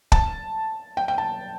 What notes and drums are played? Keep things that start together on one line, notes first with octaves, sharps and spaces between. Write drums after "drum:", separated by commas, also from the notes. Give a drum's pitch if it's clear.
A5, drum: kick
G5
G5
A5